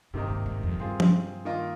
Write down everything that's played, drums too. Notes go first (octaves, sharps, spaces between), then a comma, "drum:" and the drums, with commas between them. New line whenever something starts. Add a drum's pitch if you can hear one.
G2 C3 D#3 A#3 D#4 A#4
G#2
G#2
F2
G2 C4 F4 G#4
drum: tom F3
D#3 A#3 F4 A#4 D#5